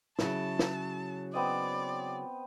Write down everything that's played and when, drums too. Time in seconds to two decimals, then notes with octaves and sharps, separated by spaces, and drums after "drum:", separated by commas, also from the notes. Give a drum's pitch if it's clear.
0.19 C#3 F#3 E4 A5, drum: snare
0.59 drum: snare
1.34 B3 C4 D5 D#5